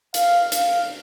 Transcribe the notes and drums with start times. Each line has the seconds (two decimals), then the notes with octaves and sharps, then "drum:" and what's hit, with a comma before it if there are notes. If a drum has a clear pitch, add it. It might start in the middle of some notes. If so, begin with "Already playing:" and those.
0.14 F5, drum: hi-hat
0.52 F5, drum: hi-hat